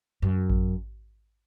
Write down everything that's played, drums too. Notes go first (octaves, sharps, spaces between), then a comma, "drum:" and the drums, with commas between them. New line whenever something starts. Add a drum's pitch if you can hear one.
F#2
drum: kick A1